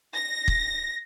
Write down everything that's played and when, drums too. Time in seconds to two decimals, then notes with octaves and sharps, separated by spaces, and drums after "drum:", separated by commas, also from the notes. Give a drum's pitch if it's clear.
0.15 A#6
0.48 drum: kick